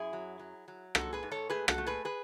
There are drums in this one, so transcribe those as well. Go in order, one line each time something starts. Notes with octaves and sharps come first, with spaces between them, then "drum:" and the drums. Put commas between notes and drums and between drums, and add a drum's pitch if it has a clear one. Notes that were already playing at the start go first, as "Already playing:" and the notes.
Already playing: F#2 E4 G#4
F#3
F#3
F#3
G#2 F#4 A4, drum: rim click
G#4 B4
G#2
A4 C#5
A3 G#4 B4
F#4 A4, drum: rim click
A3
G#4 B4
G#4 B4